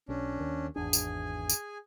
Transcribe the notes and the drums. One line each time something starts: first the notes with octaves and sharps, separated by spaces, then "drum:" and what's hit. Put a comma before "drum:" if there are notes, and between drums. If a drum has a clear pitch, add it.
B1 C#4 D4
D#2
G#1 E2 D4 G#4 G#5
drum: tambourine
drum: tambourine